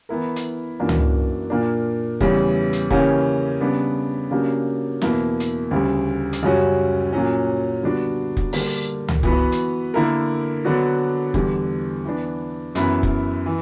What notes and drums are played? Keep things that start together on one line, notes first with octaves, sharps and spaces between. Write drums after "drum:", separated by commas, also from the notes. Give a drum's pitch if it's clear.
E3 B3 E4 A#4
drum: hi-hat
F#2 E3 A#3 D4 F#4
drum: tom C#2
A#2 A#3 D4
E2 C#3 E3 G3 C#4, drum: kick
drum: hi-hat
C#3 E3 A#3 C#4 G4, drum: kick
C#3 G3 B3 D4
C#3 F#3 A#3 D4 G4
E2 B2 A#3 E4, drum: snare
drum: hi-hat
D2 C#3 G3
drum: hi-hat
F#2 C#3 G3 C#4 F#4
A#2 F#3 C#4
D3 G3 B3 D4 F#4
drum: kick
D3 G3 A#3 D4, drum: open hi-hat
drum: tom C#2
E3 B3 F#4 B4, drum: kick
drum: hi-hat
D3 A#3 E4 A#4
D3 F#3 B3 D4 F#4
E2 D3 G3, drum: kick
E3 B3 D4
F#2 E3 B3 E4 B4, drum: hi-hat
drum: kick
E3